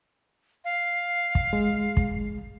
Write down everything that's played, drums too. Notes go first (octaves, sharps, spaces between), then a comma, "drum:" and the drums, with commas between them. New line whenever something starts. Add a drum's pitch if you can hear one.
F5
drum: kick
G#3
drum: kick